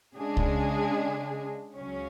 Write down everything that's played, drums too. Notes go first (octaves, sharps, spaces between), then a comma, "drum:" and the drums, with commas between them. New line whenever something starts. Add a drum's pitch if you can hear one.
C#3 G#3 D4 G#4
drum: kick C2
C#2 C#3 F#3 C#4